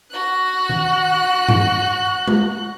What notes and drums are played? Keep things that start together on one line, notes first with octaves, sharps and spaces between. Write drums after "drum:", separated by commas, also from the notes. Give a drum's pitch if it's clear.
F#4 F#6
drum: tom D#3
drum: tom G2
drum: tom G#3